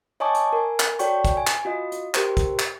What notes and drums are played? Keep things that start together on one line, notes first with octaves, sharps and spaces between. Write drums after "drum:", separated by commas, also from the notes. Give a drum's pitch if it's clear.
C#5 D#5 G#5 A5 C#6 D6
drum: hi-hat
A#4 G#5
drum: clap
F#4 A4 C#5 D5 G5 C#6, drum: hi-hat
drum: kick, hi-hat
G#5
drum: clap
F4 F#4 D#5
drum: hi-hat
G4 A#4 C5, drum: clap
drum: kick, hi-hat
drum: clap